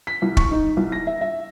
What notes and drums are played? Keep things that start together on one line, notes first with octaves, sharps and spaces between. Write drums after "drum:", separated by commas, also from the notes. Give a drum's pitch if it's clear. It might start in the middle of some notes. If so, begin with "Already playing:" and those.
B6
C2
C#6, drum: kick
D#4
C2
A#6
E5
E5